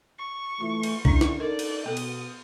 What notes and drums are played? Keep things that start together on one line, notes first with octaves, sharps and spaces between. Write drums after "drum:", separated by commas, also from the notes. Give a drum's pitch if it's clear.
C#6
E3 A3 F4
drum: cymbal
D3 E3 C#4 D4 C#6, drum: kick C2
drum: snare
D#4 A4 A#4 D5 D#5
drum: cymbal
B2 B3 A4 D#6
drum: cymbal